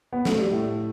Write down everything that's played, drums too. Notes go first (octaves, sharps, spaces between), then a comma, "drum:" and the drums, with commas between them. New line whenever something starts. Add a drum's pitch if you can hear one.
B3
A3, drum: snare
G3
A2 A3